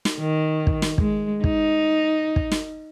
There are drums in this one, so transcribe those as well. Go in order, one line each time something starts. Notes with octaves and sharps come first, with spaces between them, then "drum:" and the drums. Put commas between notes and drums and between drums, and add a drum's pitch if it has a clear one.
drum: snare
D#3
drum: kick
drum: snare
G#3, drum: kick
D#4, drum: kick
drum: kick
drum: snare